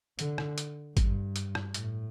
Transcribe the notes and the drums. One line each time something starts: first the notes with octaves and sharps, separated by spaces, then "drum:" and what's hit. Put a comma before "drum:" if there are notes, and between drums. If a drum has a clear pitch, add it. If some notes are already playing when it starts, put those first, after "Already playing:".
D3, drum: hi-hat
drum: rim click
drum: hi-hat
G2, drum: kick G#1, hi-hat
drum: hi-hat
drum: rim click
A2, drum: hi-hat